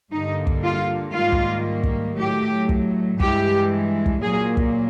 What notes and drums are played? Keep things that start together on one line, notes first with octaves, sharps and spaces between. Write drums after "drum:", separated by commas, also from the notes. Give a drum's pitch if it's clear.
G2 D3 G3 A#3 D#4
drum: kick
F4
G#2 D#3 G3 A#3 F4
drum: kick
drum: kick
A2 F#3 A3 G4
drum: kick
G2 E3 G#3 G4, drum: kick
drum: kick
A#2 F#3 A#3 G#4
drum: kick